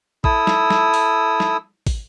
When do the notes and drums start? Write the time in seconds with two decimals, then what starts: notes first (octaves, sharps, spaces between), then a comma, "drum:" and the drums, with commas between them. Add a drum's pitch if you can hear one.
0.24 E4 A4 D#6 E6, drum: kick
0.47 drum: snare
0.70 drum: snare
0.94 drum: open hi-hat
1.40 drum: snare
1.87 drum: kick, open hi-hat